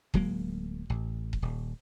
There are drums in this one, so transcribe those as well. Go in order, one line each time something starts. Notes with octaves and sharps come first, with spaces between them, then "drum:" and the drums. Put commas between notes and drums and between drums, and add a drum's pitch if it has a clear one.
D1 F#3 G#3 A#3, drum: kick D#1
A1
drum: kick D#1
D#1